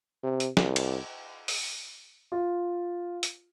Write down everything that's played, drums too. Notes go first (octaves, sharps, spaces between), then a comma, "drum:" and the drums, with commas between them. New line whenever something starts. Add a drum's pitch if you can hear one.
C3
drum: hi-hat
C2, drum: snare
drum: cymbal
drum: open hi-hat
F4
drum: hi-hat